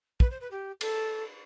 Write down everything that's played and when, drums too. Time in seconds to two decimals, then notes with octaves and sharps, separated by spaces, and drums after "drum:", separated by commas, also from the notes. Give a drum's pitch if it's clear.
0.20 B4, drum: kick
0.31 C5
0.41 B4
0.51 G4
0.81 A4, drum: cymbal